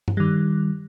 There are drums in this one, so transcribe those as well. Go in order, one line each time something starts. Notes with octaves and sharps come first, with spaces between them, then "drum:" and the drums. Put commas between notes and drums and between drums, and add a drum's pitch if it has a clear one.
drum: tom G2
D#3 G3